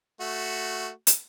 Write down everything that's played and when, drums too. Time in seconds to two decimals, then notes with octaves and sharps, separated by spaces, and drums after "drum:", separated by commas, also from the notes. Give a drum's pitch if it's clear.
0.20 A3 F#4
1.07 drum: hi-hat